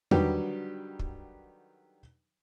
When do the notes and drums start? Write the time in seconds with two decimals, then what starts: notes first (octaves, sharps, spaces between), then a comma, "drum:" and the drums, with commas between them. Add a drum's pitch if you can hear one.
0.11 D3 D#3 F#3 G3 G4 B4, drum: tom E2
0.99 drum: kick